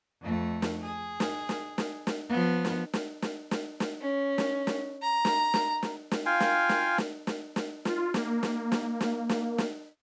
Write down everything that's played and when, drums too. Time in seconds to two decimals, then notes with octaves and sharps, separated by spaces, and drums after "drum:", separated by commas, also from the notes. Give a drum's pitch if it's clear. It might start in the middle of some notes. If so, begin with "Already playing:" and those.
0.22 F2 A3
0.62 drum: snare
0.82 G#4
1.20 drum: snare
1.49 drum: snare
1.78 drum: snare
2.07 drum: snare
2.29 F3 B3
2.65 drum: snare
2.93 drum: snare
3.22 drum: snare
3.51 drum: snare
3.80 drum: snare
4.01 C#4
4.38 drum: snare
4.67 drum: snare
5.02 A#5
5.25 drum: snare
5.54 drum: snare
5.83 drum: snare
6.11 drum: snare
6.26 F4 F5 G5 G#5
6.40 drum: snare
6.69 drum: snare
6.98 drum: snare
7.27 drum: snare
7.56 drum: snare
7.85 F4, drum: snare
8.14 A#3, drum: snare
8.43 drum: snare
8.72 drum: snare
9.01 drum: snare
9.29 drum: snare
9.58 drum: snare